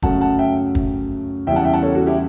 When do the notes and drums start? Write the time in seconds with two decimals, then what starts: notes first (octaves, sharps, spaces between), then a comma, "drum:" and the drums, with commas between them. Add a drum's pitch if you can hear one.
0.02 F#2 C#3 F#3 A3 F#5 A5, drum: kick
0.21 F#5 A5
0.38 E5 G5
0.75 drum: kick
1.47 E2 C#3 G3 E5 G5
1.56 F#5 A5
1.65 E5 G5
1.73 F#5 A5
1.82 A4 C#5
1.95 F#4 A4
2.06 E4 G4